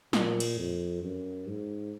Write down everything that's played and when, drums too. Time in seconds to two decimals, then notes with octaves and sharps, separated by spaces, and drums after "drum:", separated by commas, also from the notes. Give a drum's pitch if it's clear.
0.13 A#2, drum: snare
0.40 drum: cymbal
0.58 F2
1.02 F#2
1.47 G#2